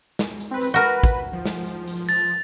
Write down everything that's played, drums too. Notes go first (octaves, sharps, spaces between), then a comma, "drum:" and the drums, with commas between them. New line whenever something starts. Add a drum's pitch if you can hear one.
drum: snare
drum: hi-hat
C4 B4
drum: hi-hat
F#4 A#4 B4
drum: kick, hi-hat
F3
drum: snare
drum: hi-hat
drum: hi-hat
A6, drum: hi-hat